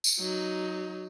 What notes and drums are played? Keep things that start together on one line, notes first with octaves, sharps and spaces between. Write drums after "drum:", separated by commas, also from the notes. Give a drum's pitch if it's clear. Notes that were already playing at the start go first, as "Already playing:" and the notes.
drum: tambourine
F#3 D#4